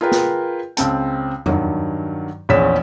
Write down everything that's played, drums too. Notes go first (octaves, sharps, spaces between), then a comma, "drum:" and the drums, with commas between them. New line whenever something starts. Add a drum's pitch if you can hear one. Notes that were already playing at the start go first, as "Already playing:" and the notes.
F4 G#4 A#4 B4 G5
drum: snare
C#2 C#3 C4 G5 A5, drum: hi-hat
G2 D#3 F#3, drum: tom E2
A#1 E2 C#4 B6 E7